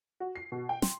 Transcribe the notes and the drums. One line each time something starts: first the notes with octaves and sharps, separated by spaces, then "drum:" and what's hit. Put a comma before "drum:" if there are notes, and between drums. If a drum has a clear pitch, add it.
F#4
C7
B2
G5
C6, drum: snare